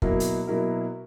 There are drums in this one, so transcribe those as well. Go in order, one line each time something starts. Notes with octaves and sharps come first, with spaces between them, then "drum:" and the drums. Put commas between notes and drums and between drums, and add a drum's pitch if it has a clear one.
B2 F#3 A#3 E4 A#4, drum: kick
drum: hi-hat
B2 F#3 A#3 E4 A#4